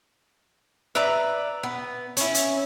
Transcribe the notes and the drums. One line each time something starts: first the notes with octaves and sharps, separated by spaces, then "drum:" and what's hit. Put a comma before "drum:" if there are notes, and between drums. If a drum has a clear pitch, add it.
B4 D5 E5 A#5
B3
C#4 E4, drum: hi-hat
drum: hi-hat